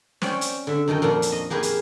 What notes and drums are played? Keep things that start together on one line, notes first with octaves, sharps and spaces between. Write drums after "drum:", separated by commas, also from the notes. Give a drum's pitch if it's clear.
C4 C#4 C#5 D5 G5, drum: snare
drum: hi-hat
D3 E5
F#2 D#3 A4 D#5 G5
F2 A#2 D#3 A#3 D4
drum: hi-hat
D#5
A#3 G4 G#4 B4 F5 G#5
drum: hi-hat